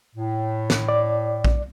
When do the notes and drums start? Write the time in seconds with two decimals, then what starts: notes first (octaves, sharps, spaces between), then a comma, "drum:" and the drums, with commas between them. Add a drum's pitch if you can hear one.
0.15 A2
0.70 drum: snare
0.89 D5
1.45 drum: kick A#1